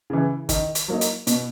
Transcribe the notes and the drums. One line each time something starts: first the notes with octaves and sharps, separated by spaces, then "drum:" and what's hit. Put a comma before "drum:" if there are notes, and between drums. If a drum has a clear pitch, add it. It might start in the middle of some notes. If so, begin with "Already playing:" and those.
C#3 E3
D#3, drum: kick, hi-hat
drum: hi-hat
F#3 A#3 D#4
drum: hi-hat
B2, drum: hi-hat